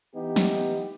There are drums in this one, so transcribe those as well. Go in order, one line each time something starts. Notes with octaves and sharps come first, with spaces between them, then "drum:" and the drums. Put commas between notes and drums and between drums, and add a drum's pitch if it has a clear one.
E3 B3 D#4 G4
drum: snare